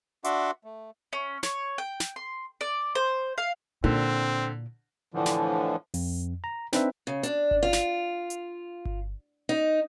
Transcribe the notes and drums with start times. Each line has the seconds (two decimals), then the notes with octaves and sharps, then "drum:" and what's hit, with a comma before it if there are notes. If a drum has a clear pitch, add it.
0.24 D4 F#4 E5 F#5 C6 D6, drum: hi-hat
0.64 A3
1.13 C#4
1.43 C#5, drum: snare
1.78 G5
2.00 drum: snare
2.16 C6
2.61 D5
2.95 C5
3.38 F5
3.84 A#2 D3 C4 E4, drum: tom D#4
5.14 A2 D3 E3 F3
5.26 drum: snare
5.94 F2, drum: open hi-hat
6.44 A#5
6.73 C4 D4 D#4 B4 C5 E5, drum: snare
7.07 C#3
7.23 D4, drum: hi-hat
7.51 drum: kick G1
7.63 F4
7.73 drum: snare
8.30 drum: hi-hat
8.85 drum: kick G1
9.49 D#4